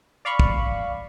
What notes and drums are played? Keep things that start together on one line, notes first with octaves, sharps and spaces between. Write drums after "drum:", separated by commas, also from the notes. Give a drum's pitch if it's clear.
D5 F5 B5 C#6
drum: kick